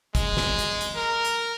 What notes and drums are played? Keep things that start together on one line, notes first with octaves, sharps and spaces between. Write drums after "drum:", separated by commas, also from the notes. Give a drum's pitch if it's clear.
G#3, drum: kick, hi-hat
drum: snare
drum: hi-hat
drum: hi-hat
A#4
drum: hi-hat